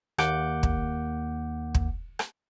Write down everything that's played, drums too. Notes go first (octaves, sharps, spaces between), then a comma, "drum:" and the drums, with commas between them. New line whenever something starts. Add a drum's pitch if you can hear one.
D#2 A#3 F#5 D6 G6, drum: rim click
drum: kick
drum: kick
drum: rim click